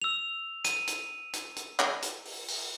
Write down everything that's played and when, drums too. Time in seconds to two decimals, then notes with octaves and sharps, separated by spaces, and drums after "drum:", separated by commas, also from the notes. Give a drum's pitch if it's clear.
0.02 E6 F7
0.65 D#7, drum: hi-hat
0.88 drum: hi-hat
1.33 drum: hi-hat
1.56 drum: hi-hat
1.79 drum: clap
2.02 drum: hi-hat
2.25 drum: open hi-hat
2.48 drum: open hi-hat